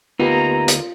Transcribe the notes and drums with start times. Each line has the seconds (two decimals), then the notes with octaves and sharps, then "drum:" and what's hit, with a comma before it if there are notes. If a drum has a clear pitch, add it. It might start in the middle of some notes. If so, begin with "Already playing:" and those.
0.20 D2 A#3 B3 D#4 F4 G4 B4 A#5
0.68 drum: hi-hat